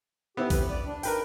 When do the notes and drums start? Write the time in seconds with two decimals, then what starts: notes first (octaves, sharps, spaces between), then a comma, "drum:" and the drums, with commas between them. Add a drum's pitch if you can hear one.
0.37 B3 C4 E4 G4
0.50 B4, drum: kick, open hi-hat
0.70 G2 D5
0.85 D4
1.03 A#4 B4 G5, drum: open hi-hat